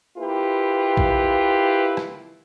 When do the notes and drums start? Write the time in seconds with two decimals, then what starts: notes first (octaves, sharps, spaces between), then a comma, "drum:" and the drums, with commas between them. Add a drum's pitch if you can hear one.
0.17 A#3 E4 F4 G4 B4
0.97 drum: kick A#1
1.97 drum: rim click